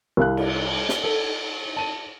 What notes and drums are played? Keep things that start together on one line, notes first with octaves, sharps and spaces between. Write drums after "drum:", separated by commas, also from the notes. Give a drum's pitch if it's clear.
C2 E4 F5 F#6
drum: cymbal
drum: snare
A4
A5 D#7